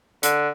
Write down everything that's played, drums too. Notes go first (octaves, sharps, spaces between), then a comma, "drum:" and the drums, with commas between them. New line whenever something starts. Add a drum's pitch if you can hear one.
D3, drum: hi-hat